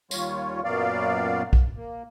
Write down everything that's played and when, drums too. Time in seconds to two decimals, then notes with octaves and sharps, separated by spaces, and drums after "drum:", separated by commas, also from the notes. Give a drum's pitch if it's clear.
0.11 D#2 G3 F4 C#5, drum: tambourine
0.64 F#2 A#2 F#3 B3 D5 F5
1.53 drum: kick
1.76 A#3